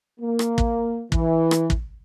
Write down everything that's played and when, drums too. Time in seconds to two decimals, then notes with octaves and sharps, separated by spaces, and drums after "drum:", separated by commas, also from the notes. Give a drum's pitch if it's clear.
0.20 A#3
0.39 drum: rim click
0.58 drum: kick
1.12 E3, drum: kick
1.51 drum: rim click
1.70 drum: kick